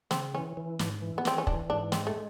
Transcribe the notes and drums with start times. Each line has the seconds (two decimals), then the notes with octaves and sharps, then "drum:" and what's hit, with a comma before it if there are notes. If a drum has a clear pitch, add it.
0.11 C#3 C4, drum: snare
0.34 E3 C#4
0.57 E3
0.79 G#2, drum: snare
1.02 E3
1.18 B3
1.25 E3 C4, drum: snare
1.38 C#4
1.47 E3 D4, drum: kick
1.70 G#2 D4
1.92 G#3 C4, drum: snare
2.07 A3